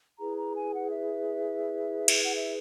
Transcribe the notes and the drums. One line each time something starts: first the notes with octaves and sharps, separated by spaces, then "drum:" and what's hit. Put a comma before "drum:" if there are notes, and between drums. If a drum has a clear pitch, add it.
E4 G#4 B4 A#5
A#5
G#5
F#5
E5
drum: cymbal
F#5
E5